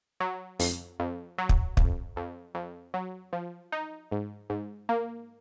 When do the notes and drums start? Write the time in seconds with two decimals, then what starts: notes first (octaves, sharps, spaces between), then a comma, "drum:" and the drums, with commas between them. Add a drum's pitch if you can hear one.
0.20 F#3
0.60 F2, drum: open hi-hat
0.99 F2
1.38 F#3
1.49 drum: kick
1.77 F2, drum: kick
2.16 F2
2.55 F2
2.94 F#3
3.33 F3
3.72 D#4
4.12 G#2
4.50 G#2
4.89 A#3